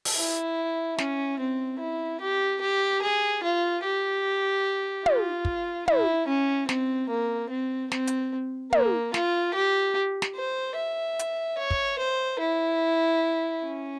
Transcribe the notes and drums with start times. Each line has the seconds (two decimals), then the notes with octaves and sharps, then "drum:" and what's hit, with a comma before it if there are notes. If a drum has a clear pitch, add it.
0.05 drum: open hi-hat
0.17 E4
0.98 C#4, drum: snare
1.39 C4
1.80 E4
2.21 G4
2.61 G4
3.02 G#4
3.43 F4
3.84 G4
5.06 F4, drum: tom
5.45 drum: kick
5.88 E4, drum: tom
6.28 C#4
6.69 C4, drum: snare
7.10 A#3
7.51 C4
7.92 C4, drum: snare
8.07 drum: hi-hat
8.73 A#3, drum: tom
9.14 F4, drum: snare
9.54 G4
10.22 drum: snare
10.36 C5
10.77 E5
11.19 drum: hi-hat
11.58 C#5
11.71 drum: kick
11.99 C5
12.40 E4
13.62 C#4